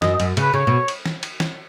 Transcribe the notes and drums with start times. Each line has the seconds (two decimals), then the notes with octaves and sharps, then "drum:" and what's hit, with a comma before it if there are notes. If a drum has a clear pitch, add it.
0.02 F#2 D#5, drum: snare
0.15 D#5
0.20 F#2, drum: cymbal
0.37 C#3 B4, drum: cymbal
0.54 C#3 C#5
0.67 B2
0.88 drum: cymbal
1.06 drum: snare
1.23 drum: cymbal
1.40 drum: snare